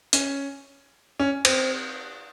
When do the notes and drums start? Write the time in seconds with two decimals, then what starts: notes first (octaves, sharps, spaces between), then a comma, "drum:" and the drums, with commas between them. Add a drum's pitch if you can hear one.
0.13 C#4, drum: hi-hat
1.20 C#4
1.45 C4, drum: cymbal